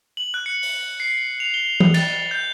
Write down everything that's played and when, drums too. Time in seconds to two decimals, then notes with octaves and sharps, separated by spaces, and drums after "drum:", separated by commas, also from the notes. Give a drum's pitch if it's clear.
0.17 F#7
0.34 F#6
0.46 C#7
0.63 drum: open hi-hat
1.00 C7
1.40 F7
1.54 G7
1.80 drum: tom
1.94 A6, drum: cymbal
2.31 G6